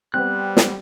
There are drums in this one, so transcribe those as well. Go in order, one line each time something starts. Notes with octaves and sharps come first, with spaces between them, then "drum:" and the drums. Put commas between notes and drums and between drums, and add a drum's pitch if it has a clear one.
G3 B3 C4 F#6
drum: snare